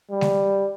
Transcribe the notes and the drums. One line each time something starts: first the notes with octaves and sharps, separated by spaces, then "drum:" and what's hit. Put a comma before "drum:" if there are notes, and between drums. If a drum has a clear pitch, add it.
G3
drum: snare G#3